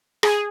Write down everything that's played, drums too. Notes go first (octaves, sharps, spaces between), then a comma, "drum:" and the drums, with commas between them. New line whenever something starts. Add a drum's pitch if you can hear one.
G#4, drum: rim click